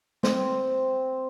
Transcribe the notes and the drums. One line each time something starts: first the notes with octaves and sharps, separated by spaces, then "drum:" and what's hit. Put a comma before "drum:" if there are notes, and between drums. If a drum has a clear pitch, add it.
C4, drum: snare